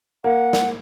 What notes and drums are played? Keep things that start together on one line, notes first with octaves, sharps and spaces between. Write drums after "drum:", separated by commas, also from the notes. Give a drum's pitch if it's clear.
A#3 F#5
drum: snare